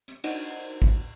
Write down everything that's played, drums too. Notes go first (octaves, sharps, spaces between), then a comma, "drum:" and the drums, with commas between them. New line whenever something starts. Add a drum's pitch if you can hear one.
drum: hi-hat
D4 D#4 F#4 A#4 C5, drum: cymbal
drum: kick